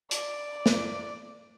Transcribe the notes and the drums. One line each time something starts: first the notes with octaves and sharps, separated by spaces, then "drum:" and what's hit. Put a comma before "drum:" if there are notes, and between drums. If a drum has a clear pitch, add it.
D5, drum: hi-hat
drum: snare